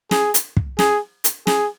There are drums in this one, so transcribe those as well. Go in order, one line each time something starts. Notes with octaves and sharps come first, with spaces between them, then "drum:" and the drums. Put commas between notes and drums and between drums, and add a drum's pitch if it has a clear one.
G#4, drum: snare
drum: hi-hat
drum: kick
G#4, drum: snare
drum: hi-hat
G#4, drum: snare